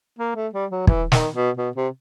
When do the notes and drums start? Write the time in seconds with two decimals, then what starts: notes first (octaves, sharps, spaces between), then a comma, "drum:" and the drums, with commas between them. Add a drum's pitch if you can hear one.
0.19 A#3
0.36 A3
0.54 G3
0.71 F#3
0.87 E3, drum: kick
1.12 D#3, drum: snare
1.34 B2
1.57 B2
1.76 C3